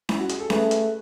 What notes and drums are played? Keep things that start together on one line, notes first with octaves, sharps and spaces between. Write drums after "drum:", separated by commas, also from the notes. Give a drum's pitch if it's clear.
E4, drum: snare C#4
F#4
G#4, drum: hi-hat
A4
A3 G#4 B4, drum: snare C#4
drum: hi-hat